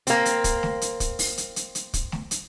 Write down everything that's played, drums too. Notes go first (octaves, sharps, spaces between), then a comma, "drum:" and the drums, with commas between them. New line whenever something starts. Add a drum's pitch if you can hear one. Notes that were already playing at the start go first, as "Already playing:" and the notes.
A#3 C4, drum: hi-hat
drum: hi-hat
drum: kick, hi-hat
drum: snare A3
drum: hi-hat
drum: kick, hi-hat
drum: open hi-hat
drum: hi-hat
drum: hi-hat
drum: hi-hat
drum: kick, hi-hat
drum: snare A3
drum: hi-hat